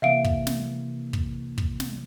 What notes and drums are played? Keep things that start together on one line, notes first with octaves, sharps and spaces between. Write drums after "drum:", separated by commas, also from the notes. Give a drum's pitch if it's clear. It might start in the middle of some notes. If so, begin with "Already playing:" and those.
C3 E3 A#3 E5 F5 D7
drum: kick
drum: snare
drum: kick
drum: kick
drum: snare